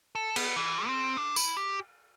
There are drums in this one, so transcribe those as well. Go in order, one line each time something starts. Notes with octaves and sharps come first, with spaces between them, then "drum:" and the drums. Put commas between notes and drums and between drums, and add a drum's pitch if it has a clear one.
A4
B3, drum: cymbal
E3
C4
D4
E4, drum: tambourine
G4